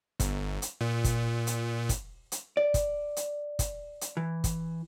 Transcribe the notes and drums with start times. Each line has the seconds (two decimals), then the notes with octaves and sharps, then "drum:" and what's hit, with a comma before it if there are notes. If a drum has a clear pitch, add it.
0.20 G1, drum: kick, hi-hat
0.62 drum: hi-hat
0.81 A#2
1.04 drum: kick, hi-hat
1.47 drum: hi-hat
1.89 drum: kick, hi-hat
2.32 drum: hi-hat
2.57 D5
2.74 drum: kick, hi-hat
3.16 drum: hi-hat
3.59 drum: kick, hi-hat
4.01 drum: hi-hat
4.17 E3
4.44 drum: kick, hi-hat